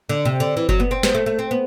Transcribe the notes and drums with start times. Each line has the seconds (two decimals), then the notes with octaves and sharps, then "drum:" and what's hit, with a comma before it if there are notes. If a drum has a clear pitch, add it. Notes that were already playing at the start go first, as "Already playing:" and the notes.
0.09 D3
0.25 C3
0.40 D3
0.57 E3
0.69 F#3, drum: kick F#1
0.80 B3
0.91 C4
1.03 B3, drum: snare
1.15 A3
1.26 A3
1.39 C4
1.51 B3